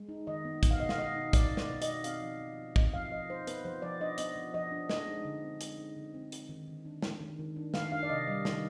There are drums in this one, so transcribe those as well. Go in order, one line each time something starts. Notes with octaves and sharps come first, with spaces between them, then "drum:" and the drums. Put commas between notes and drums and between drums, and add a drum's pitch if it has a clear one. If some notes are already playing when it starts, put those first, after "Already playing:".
Already playing: G#3
D#4
D#3 D#5
B3
B3, drum: kick, hi-hat
F5
B2 D#5
F5, drum: snare
B2 D#5
D#4
B3 D5, drum: kick, hi-hat
B2
D5, drum: snare
B2
D#5, drum: hi-hat
D#4
C4 F5, drum: hi-hat
F3
F3
D#4
C4 D#5, drum: kick
F3 F5
F3 D#5
D#4 C5
B3 B4, drum: hi-hat
F3 C5
F3 D5
D4 D#5
B3 D#5, drum: hi-hat
F3
F3 D#5
D4
G#3 D#5, drum: snare
D#4
D3
C4
G#3, drum: hi-hat
D#4
D3
C4
G#3, drum: hi-hat
D#3
D#3
D4
G#3, drum: snare
D#3
D#3
D4
D#3 F5, drum: snare
D4 F5
D5
C3 D#5
G3 D#5
D#3, drum: snare